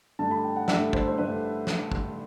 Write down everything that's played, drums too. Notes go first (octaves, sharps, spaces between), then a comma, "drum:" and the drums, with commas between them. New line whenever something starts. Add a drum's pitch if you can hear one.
G2 D3 A3 A5
B5
G5
F#5
G2 D3 A3 E5, drum: snare
C5, drum: kick
C5
G2 D3 A3 B4
drum: snare
drum: kick